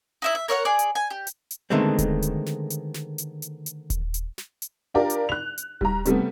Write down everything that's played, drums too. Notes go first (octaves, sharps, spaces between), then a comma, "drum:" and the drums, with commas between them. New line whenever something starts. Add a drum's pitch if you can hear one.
D#4 E4 E5
E5
A#4 C#5 E5 F#5
G#4 D5
drum: hi-hat
G#5
G4
drum: hi-hat
drum: hi-hat
D3 D#3 G#3 A3 B3 C4
drum: kick D#1, hi-hat
drum: hi-hat
drum: snare
drum: hi-hat
drum: snare
drum: hi-hat
drum: hi-hat
drum: hi-hat
drum: kick D#1, hi-hat
drum: hi-hat
drum: snare
drum: hi-hat
D4 F4 G4 A#4 D5
drum: hi-hat
F#6 F7
drum: hi-hat
G3 A#5, drum: kick D#1
C3 G3 A3 B3, drum: hi-hat